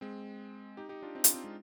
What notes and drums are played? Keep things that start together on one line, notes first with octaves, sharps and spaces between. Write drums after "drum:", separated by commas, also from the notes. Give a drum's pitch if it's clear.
G#3 C4
D#4 G4
D#4 G4
D4 F4
C4 D#4
D4 F4, drum: hi-hat
C4 D#4
G#3 C4